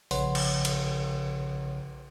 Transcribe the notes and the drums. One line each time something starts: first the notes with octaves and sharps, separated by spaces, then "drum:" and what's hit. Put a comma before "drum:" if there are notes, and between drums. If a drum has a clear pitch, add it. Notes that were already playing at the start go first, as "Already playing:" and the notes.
A#1 C#3 B4 C#5 F#5 C6, drum: open hi-hat
drum: cymbal
drum: cymbal